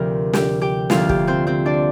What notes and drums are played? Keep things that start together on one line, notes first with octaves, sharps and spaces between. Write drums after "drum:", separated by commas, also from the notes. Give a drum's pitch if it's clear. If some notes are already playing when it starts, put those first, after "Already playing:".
Already playing: D2 C3 F3 C4 G4 A#4
G4, drum: snare
G4 G5
D2 D3 F3 A#3 D4 F4 F5, drum: snare
G4, drum: kick
C4 C5
C4 C5
D4 D5